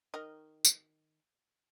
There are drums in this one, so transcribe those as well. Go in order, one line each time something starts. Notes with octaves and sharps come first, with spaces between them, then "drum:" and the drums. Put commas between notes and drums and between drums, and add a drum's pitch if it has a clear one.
D#3 A#4 D#5
drum: tambourine